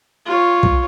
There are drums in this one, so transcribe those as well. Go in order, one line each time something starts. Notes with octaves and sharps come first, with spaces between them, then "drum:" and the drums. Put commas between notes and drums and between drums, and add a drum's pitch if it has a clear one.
F4 C#5
drum: kick